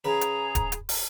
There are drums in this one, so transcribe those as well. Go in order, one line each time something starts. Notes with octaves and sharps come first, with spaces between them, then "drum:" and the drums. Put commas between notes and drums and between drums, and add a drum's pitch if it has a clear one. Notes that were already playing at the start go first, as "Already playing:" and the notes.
C#3 G#4 B4 A#5
drum: hi-hat
drum: kick D1, hi-hat
drum: hi-hat
drum: open hi-hat